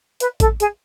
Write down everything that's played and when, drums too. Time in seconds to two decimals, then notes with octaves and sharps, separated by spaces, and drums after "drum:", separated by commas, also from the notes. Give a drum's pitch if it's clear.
0.20 B4, drum: hi-hat
0.40 A4, drum: kick A1, hi-hat
0.60 G#4, drum: hi-hat